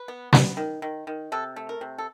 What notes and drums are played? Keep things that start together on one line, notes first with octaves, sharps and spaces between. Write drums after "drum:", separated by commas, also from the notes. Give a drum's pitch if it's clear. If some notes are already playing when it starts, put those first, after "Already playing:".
Already playing: B4
B3
B3, drum: snare
D#3
D#3
D#3
C3 A4
A3
A#4
C3
A4